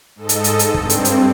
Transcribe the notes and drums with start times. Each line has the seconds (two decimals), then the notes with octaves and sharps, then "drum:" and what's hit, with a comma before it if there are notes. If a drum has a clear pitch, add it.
0.16 G#2 A4 D#5
0.29 drum: hi-hat
0.44 drum: hi-hat
0.59 drum: hi-hat
0.74 G2 C4, drum: kick
0.90 drum: hi-hat
1.05 drum: hi-hat